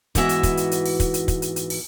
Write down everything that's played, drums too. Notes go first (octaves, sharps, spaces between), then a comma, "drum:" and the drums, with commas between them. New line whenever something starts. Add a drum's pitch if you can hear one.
G#2 E3 B3 F#4 G#4 E5, drum: kick, hi-hat
drum: hi-hat
drum: kick, hi-hat
drum: hi-hat
drum: hi-hat
drum: open hi-hat
drum: kick, hi-hat
drum: hi-hat
drum: kick, hi-hat
drum: hi-hat
drum: hi-hat
drum: open hi-hat